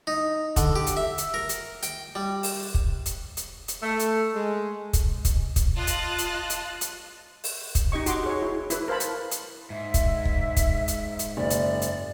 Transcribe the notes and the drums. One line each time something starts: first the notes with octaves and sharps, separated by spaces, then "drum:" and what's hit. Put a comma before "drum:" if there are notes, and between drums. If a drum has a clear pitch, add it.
D#4
D3, drum: kick, hi-hat
G4
drum: hi-hat
E5
drum: hi-hat
A#4
drum: hi-hat
G5, drum: hi-hat
G3
drum: open hi-hat
drum: kick
drum: hi-hat
drum: hi-hat
drum: hi-hat
A3
drum: hi-hat
G#3
drum: kick, hi-hat
drum: kick, hi-hat
drum: kick, hi-hat
F4 D#5 A5 F#6
drum: hi-hat
drum: hi-hat
drum: hi-hat
drum: hi-hat
drum: open hi-hat
drum: kick, hi-hat
D#4 G4 D#5 C#6
F#4 A#5 C6 D6, drum: hi-hat
G#4 C#5
E4
E4 B4, drum: hi-hat
A#4 C5 F5 A5 B5
drum: hi-hat
drum: hi-hat
G#2 E5
drum: kick, hi-hat
drum: kick
drum: kick, hi-hat
drum: hi-hat
drum: hi-hat
F#1 D5
drum: hi-hat
drum: hi-hat